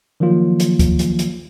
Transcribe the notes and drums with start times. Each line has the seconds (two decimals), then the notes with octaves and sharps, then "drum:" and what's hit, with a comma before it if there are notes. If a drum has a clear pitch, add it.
0.20 D#3 F3 F#3 A#3 F4
0.60 drum: hi-hat
0.79 drum: kick, hi-hat
0.99 drum: hi-hat
1.19 drum: hi-hat